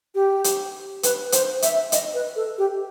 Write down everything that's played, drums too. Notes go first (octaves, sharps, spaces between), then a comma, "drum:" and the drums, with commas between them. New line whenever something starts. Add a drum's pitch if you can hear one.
G4
drum: hi-hat
B4, drum: hi-hat
C5, drum: hi-hat
E5, drum: hi-hat
D#5, drum: hi-hat
B4
A4
G4